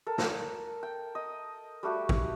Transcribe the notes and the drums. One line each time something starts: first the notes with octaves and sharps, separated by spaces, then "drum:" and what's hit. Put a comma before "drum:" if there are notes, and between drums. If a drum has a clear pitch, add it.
A4 A#4
drum: snare
G5
D#5
G3 A3 F#4 G4
drum: kick